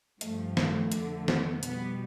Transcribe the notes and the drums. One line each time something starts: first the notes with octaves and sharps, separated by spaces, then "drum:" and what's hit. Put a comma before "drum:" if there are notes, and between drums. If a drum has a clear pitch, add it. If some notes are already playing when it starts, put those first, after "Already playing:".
G2 F3 A3, drum: hi-hat
A3, drum: snare
F2 D3 A3, drum: hi-hat
B3, drum: snare
B2 G3 B3, drum: hi-hat